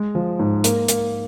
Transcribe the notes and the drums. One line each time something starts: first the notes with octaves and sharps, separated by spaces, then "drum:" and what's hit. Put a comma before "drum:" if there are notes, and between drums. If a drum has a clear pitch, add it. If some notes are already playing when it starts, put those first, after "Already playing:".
Already playing: G#3
F3
G#2
A#3, drum: hi-hat
A#3, drum: hi-hat